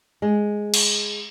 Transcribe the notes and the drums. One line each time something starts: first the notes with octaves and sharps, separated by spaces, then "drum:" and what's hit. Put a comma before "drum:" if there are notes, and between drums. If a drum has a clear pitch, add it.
G#3
drum: cymbal